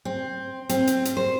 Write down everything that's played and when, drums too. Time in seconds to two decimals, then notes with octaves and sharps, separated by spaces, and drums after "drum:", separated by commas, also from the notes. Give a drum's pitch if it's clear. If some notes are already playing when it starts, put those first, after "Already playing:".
0.05 C4
0.69 C4, drum: hi-hat
0.87 drum: hi-hat
1.05 drum: hi-hat
1.17 C5